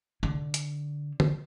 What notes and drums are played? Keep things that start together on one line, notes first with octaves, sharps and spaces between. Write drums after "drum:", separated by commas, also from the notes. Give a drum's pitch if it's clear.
D3
drum: hi-hat
drum: tom D3